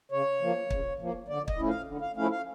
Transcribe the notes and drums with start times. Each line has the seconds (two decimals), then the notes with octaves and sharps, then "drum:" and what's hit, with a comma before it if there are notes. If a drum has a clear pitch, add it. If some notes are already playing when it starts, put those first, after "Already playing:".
0.12 C#3 C#5
0.41 F3 A#3
0.70 C#3, drum: kick
1.00 F3 A#3
1.28 D3 D5
1.48 D#5, drum: kick
1.58 F3 A3 C#4 E4
1.68 F5
1.87 D3
2.01 F5
2.16 F3 A3 C#4 E4 F5
2.31 F5